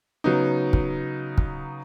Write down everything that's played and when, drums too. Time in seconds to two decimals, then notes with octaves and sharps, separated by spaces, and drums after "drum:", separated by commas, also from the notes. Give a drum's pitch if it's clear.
0.24 C#3 F#3 B3 D#4
0.73 drum: kick
1.38 drum: kick